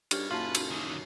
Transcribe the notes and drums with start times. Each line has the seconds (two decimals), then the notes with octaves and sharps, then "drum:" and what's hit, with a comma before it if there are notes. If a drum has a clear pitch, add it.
0.11 G2 G4 C#5 F6, drum: cymbal
0.31 F#1 F#2 A#2 F4 B4 A5
0.55 drum: cymbal
0.71 D3 D#3